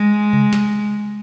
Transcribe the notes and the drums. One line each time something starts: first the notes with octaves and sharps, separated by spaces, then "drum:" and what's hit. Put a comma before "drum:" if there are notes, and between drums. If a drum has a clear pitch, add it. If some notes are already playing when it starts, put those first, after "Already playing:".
Already playing: G#3
drum: tom C3
drum: snare